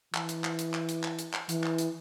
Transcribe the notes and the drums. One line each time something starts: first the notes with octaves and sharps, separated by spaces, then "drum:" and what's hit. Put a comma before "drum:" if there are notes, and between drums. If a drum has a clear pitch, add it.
E3, drum: clap
drum: hi-hat
drum: clap
drum: hi-hat
drum: clap
drum: hi-hat
drum: clap
drum: hi-hat
drum: clap
E3, drum: hi-hat
drum: clap
drum: hi-hat